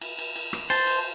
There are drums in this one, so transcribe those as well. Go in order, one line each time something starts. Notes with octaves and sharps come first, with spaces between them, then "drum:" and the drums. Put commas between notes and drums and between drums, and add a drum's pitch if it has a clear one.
drum: cymbal
drum: cymbal
drum: cymbal
drum: rim click
C5 A5, drum: cymbal
drum: cymbal